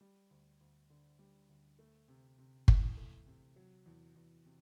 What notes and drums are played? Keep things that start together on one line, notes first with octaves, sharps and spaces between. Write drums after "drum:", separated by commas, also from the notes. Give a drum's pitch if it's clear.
G3
D2
D2
D3
G3
D2
A3
C3
C3
E3, drum: kick G1
A3
C3
F#3
E2
E2
C3